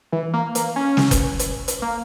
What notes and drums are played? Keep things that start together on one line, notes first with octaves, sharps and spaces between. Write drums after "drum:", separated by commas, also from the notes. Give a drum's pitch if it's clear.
E3
A#3
A#3, drum: hi-hat
C#4
drum: snare
drum: kick F#1, hi-hat
drum: hi-hat
drum: hi-hat
A#3